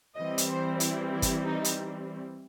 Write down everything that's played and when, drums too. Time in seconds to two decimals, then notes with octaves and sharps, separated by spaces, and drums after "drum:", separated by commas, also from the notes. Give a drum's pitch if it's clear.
0.17 E3 G3 C4 D#5
0.38 drum: hi-hat
0.48 C5
0.80 E4, drum: hi-hat
1.12 E4
1.22 drum: kick G1, hi-hat
1.43 D#4
1.64 drum: hi-hat